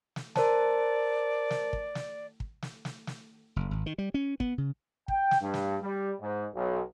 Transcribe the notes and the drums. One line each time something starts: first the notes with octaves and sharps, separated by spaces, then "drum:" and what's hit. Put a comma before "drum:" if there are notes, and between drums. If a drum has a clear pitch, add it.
drum: snare
A#4 C5 D5 A5, drum: snare
drum: snare
drum: kick
drum: snare
drum: kick
drum: snare
drum: snare
drum: snare
F#1
G#1
D#3
G3
C#4
B3, drum: kick
C#3
G5, drum: kick
drum: snare
G2
drum: snare
G3
G#2
B1